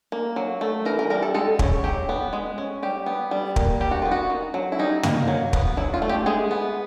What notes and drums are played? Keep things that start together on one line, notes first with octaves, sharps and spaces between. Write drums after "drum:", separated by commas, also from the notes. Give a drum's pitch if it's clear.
A#3
F#3
A3
E3 A#4
A#4
G3 A#4
A4
G#3 A4
C#4, drum: kick
F#3 G4
B3
G#3
C#4
G3 G4
B3
G3
A#3, drum: kick
G3 G4
F#4
B3 F4
F#4
D#3
F#3
E4
G3 D#4
A#3, drum: tom
F#3
B3, drum: kick
F#3 E4
F4
A3
G4
G#3 G#4
B3